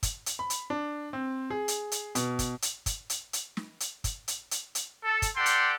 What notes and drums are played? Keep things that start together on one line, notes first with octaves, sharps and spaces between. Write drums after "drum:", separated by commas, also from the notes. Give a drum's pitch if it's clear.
drum: kick, hi-hat
drum: hi-hat
B5
drum: hi-hat
D4
C4
G#4
drum: hi-hat
drum: hi-hat
B2, drum: hi-hat
drum: kick, hi-hat
drum: hi-hat
drum: kick, hi-hat
drum: hi-hat
drum: hi-hat
drum: snare
drum: hi-hat
drum: kick, hi-hat
drum: hi-hat
drum: hi-hat
drum: hi-hat
A4
drum: kick, hi-hat
G4 A4 D5 F#5 G5 C6
drum: hi-hat